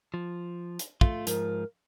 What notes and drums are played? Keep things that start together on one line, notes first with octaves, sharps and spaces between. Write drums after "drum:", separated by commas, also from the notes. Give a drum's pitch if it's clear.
F3
drum: hi-hat
A3 F4, drum: kick
G#2 F3 A#4, drum: hi-hat